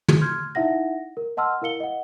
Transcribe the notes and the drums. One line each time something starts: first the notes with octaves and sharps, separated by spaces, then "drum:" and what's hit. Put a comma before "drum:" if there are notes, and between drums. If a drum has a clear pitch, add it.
drum: tom
C6 F6 G6 G#6
D#4 E4 E5 F#5 A#6
A#4
D#5 F#5 A5 C6 E6 F6
E4 A#4 F5 C#7 G7
D#5 F#5